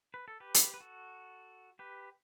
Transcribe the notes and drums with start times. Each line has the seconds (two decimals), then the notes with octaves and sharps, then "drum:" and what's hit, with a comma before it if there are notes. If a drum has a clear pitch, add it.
0.14 B4
0.28 A4
0.40 G4 B4
0.54 drum: hi-hat
0.74 B4
0.80 F#4 A4
1.79 G4 B4